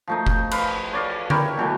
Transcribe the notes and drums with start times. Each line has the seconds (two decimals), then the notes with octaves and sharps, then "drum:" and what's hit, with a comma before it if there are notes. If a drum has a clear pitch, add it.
0.07 F3 A3 D#4
0.27 drum: kick F1
0.51 B4 F5 B5, drum: cymbal
0.93 C#5 D5 F5
1.30 E4 G4 A#4 C#5, drum: tom D3
1.57 B2 E3 F#3 A3